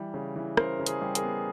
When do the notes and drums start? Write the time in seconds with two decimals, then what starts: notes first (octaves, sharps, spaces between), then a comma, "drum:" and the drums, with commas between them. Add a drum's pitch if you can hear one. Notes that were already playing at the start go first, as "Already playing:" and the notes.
Already playing: E3 G3
0.14 C#3
0.36 E3
0.57 C#3 A#4 C5, drum: rim click
0.79 C#3
0.86 G#4, drum: hi-hat
1.01 G3
1.15 G#4 A#4, drum: hi-hat
1.23 B3